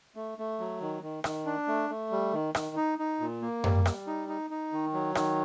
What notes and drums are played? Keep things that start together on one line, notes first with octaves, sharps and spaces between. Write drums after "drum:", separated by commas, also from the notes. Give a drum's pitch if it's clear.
A3
A3
F#3
D#3
D#3
D#3, drum: rim click
D4
A3
A3
G3
D#3
D#3, drum: rim click
D#4
D#4
A#2
A#3
G3, drum: tom F#2
G3, drum: rim click
D#4
D#4
D#4
D#3
F#3
D#3, drum: rim click